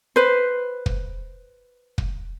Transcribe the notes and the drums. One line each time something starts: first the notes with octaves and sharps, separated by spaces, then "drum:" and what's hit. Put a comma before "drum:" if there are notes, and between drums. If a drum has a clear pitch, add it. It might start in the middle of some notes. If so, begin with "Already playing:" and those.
B4 C5
drum: kick
drum: kick